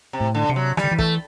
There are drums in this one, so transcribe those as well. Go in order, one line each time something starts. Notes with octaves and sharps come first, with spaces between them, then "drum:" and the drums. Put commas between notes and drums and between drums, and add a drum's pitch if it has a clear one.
C3
A2
D3
C3
F#3
E3 G3, drum: rim click
D3
E3
A3, drum: kick